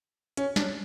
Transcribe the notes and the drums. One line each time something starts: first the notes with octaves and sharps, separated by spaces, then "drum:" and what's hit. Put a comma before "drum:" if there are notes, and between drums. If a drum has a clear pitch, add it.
C#4, drum: hi-hat
D4, drum: snare